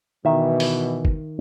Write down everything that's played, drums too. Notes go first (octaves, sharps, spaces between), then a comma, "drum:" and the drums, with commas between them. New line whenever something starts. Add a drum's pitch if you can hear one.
B2 D#3 E3 E5
drum: open hi-hat
drum: kick